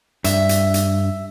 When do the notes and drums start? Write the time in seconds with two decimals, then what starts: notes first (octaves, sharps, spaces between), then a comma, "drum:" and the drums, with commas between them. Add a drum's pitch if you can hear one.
0.24 G2 E5, drum: hi-hat
0.49 drum: hi-hat
0.74 drum: hi-hat